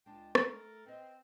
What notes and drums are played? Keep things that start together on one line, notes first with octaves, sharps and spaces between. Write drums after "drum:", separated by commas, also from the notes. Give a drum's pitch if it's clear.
C#2 G#3 D4 G5 A5
A3 A4 A#4, drum: rim click
C4 B4 D#5